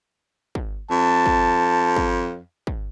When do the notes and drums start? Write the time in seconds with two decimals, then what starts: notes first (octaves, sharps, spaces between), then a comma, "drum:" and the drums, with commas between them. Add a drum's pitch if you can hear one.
0.55 drum: kick
0.91 F2 A5
1.26 drum: kick
1.96 drum: kick
2.67 drum: kick